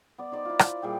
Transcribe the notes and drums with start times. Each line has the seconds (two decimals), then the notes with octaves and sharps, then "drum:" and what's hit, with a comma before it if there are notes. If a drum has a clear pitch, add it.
0.18 B3 D5
0.32 D#4 C5 D5
0.45 E4 F4
0.59 drum: rim click
0.82 A#2 G3 G#4 G5